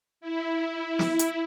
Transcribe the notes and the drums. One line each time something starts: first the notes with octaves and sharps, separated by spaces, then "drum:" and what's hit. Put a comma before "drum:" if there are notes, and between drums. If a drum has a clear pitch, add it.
E4
drum: snare
drum: hi-hat